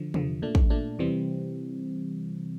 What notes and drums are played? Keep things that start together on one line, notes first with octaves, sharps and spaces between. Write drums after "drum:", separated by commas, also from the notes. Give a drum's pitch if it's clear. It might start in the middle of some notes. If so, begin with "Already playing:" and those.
Already playing: D3 F3
E2 D3 F3, drum: tom C3
A#2 A3 D4
drum: kick
A#2 A3 D4
E2 C3 E3 G3 C4